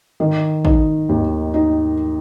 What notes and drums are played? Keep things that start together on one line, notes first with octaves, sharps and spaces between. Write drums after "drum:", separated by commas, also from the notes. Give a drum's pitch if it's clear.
D#3
D#4, drum: kick
D#2
D#4